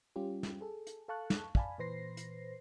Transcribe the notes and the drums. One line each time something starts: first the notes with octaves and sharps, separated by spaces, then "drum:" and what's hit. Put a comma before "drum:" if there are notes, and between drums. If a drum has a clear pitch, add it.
G3 C#4 F4 G4
drum: snare
G#4 A4
drum: hi-hat
A4 F5 A5 C#6 F#6
drum: snare
D5 F5 G#5 A5 B5, drum: kick
A#2 E3 B4 C5 A#6 C7
drum: hi-hat